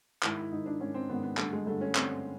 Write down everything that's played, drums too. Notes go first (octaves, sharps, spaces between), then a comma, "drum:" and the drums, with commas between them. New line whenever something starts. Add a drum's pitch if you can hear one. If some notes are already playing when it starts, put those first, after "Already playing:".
G#2 D#3 E4, drum: clap
E4
G#2 D#3 D#4
D4
G#2 D#3 C#4
C4
G#2 D#3 B3
B3
G2 D3 A3, drum: clap
G#3
G2 D3 A3
C#4
G2 D3 C4, drum: clap